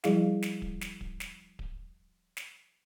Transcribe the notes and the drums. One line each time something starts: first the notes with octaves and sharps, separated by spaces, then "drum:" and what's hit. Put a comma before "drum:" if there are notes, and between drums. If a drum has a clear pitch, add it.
F3 G3 E4 G#4 F5, drum: snare
drum: snare
drum: kick D1
drum: snare
drum: kick D1
drum: snare
drum: kick D1
drum: snare